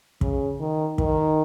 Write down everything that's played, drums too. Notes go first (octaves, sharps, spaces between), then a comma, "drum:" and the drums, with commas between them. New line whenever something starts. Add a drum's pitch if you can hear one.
C#3, drum: kick
D#3
D#3, drum: kick